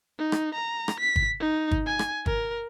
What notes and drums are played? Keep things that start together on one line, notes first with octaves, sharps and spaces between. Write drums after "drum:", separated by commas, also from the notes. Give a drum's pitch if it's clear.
D#4
drum: rim click
A#5
drum: rim click
B6
drum: kick
D#4
drum: kick
G#5
drum: rim click
A#4, drum: kick